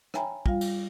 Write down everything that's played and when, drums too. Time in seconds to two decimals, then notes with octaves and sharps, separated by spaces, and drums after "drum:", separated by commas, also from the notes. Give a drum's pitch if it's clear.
0.14 C#5 E5 G5 G#5 A#5 B5, drum: rim click
0.46 G3 F4 F5, drum: kick
0.61 drum: cymbal